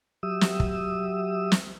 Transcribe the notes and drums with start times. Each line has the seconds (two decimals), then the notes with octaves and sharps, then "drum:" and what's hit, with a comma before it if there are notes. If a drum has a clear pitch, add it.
0.23 F#3 G4 E5 D#6 E6
0.41 drum: snare
0.60 drum: kick
1.52 drum: snare